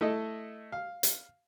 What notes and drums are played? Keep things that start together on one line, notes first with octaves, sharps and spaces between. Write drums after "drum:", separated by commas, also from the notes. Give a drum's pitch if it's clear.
A3 E4 A4 D#5
F5
drum: hi-hat